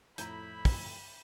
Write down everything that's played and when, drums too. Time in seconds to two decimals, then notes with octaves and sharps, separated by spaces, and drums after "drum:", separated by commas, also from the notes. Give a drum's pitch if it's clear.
0.18 F2 A2 E4 A#5 B5 G6, drum: hi-hat
0.65 drum: kick, open hi-hat